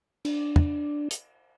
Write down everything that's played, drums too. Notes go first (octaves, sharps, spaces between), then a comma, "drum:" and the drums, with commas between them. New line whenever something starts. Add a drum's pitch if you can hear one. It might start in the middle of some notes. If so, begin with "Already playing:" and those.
D4, drum: cymbal
drum: tom
drum: hi-hat